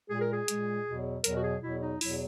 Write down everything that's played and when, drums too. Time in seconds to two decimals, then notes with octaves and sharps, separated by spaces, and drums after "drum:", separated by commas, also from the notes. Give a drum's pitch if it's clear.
0.10 A#2 G#3 G#4
0.22 A#4
0.33 G#4
0.48 A#2 G#3, drum: hi-hat
0.86 E2 B2 F#3
1.24 E2 B2 F#3 A#4, drum: hi-hat
1.36 F#4
1.43 G#4
1.62 E2 B2 F#3 E4
1.82 D#4
2.01 E2 B2 F#3 E4, drum: open hi-hat